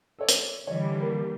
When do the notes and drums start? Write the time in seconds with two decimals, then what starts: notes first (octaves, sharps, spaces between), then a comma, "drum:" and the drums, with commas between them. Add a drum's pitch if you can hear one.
0.19 A4 C#5 D5
0.29 drum: hi-hat
0.67 D3 E3 G3 C#5 D#5
1.00 A#3